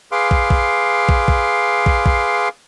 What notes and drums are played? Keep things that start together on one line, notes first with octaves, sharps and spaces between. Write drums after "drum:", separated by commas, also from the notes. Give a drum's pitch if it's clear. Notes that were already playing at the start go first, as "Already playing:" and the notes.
G#4 B4 F5 C6 D6
drum: kick
drum: kick
drum: kick
drum: kick
drum: kick
drum: kick